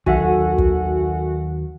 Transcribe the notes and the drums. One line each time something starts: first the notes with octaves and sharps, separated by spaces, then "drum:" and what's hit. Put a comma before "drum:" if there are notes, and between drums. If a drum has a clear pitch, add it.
D#2 D#3 F#3 F#4 A4 E5 F#5 G#5, drum: kick
drum: kick